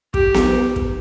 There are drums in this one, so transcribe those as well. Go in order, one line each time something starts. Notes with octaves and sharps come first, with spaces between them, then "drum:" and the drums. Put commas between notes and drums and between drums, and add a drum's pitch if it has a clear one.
G4, drum: kick
drum: snare B3
drum: kick